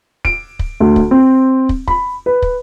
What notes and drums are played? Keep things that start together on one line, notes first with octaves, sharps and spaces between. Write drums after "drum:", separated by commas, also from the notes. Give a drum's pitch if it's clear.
D7, drum: kick
drum: kick
D2
drum: kick
C4
drum: kick
B5, drum: kick
B4
drum: kick